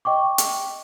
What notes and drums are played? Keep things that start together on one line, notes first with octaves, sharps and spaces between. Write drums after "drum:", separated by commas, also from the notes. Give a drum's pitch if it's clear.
D#5 G5 C#6 D6
drum: hi-hat